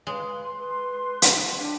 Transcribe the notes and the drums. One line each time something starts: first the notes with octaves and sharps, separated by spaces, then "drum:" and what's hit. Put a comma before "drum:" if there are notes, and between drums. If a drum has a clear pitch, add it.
G#3 B4 F5
C6
B4
drum: hi-hat
D4 G5